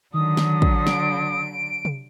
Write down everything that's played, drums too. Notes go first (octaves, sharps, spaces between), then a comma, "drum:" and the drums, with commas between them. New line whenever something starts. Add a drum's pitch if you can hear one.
D3 D#3 F#3 D#6
drum: snare
drum: kick
D7, drum: snare
drum: tom C3